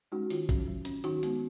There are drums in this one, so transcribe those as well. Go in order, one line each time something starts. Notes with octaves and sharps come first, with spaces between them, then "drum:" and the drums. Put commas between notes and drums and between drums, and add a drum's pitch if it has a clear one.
G#3 C#4 D#4 F#4
D#3 F4, drum: open hi-hat
F#3 C#4, drum: kick, hi-hat
F#3
C#4, drum: hi-hat
D#3 D#4 F#4, drum: hi-hat
G#3 B3, drum: hi-hat